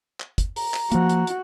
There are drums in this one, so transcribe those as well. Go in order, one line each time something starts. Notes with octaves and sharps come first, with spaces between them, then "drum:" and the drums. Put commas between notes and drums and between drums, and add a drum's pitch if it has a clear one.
drum: clap
drum: kick, hi-hat
A#5, drum: open hi-hat
drum: clap
F3 A#3 F#4, drum: hi-hat
drum: hi-hat
drum: hi-hat